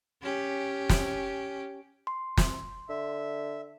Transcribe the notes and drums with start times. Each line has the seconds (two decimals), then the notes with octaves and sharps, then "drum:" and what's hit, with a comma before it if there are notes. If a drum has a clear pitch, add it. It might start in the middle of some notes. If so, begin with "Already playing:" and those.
0.22 C#4 G4
0.89 drum: snare
2.07 C6
2.37 drum: snare
2.89 D3 E5